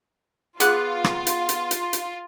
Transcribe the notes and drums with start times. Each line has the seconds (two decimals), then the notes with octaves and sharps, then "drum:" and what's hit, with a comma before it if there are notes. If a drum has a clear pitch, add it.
0.60 B3 F4 G#4 D6 F#6, drum: hi-hat
1.04 drum: rim click
1.27 drum: hi-hat
1.49 drum: hi-hat
1.71 drum: hi-hat
1.93 drum: hi-hat